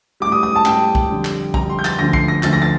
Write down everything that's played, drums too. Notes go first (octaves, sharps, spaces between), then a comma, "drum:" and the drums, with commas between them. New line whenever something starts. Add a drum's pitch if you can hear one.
A2 G3 D6
D#6
D#6
A5
A2 G3 G5, drum: clap
drum: kick
F2 D3 G3
drum: clap
F2 D3 G3 A#5, drum: kick
C6
G6
A6, drum: clap
D2 D3 F3 A#6
C7, drum: kick
A#6
D2 D3 F3 A6, drum: clap
A#6
A6